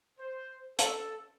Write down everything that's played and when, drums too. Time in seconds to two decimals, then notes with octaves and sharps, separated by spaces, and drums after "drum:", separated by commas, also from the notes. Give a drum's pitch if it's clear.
0.19 C5
0.79 A4, drum: hi-hat